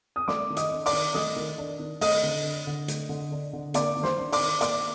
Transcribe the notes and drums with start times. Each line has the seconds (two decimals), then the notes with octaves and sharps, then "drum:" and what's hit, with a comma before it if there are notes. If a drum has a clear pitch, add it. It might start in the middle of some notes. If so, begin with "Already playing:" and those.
0.16 D#6
0.28 A3 D5 D6, drum: snare
0.50 D#3
0.57 D#5 D#6, drum: hi-hat
0.72 D4
0.86 D5 D6, drum: open hi-hat
0.93 D#3
1.14 A3 D#5 D#6, drum: snare
1.36 D#3
1.58 D4
1.80 D#3
2.01 A3 D#5 D#6, drum: open hi-hat
2.23 D3
2.44 D4
2.67 D3
2.88 A3, drum: hi-hat
3.09 D3
3.32 D4
3.53 D3
3.74 A#3 D5 D6, drum: hi-hat
3.97 D#3
4.03 C5 C6, drum: snare
4.18 D4
4.32 D5 D6, drum: open hi-hat
4.39 D#3
4.61 A#3 D5 D6, drum: hi-hat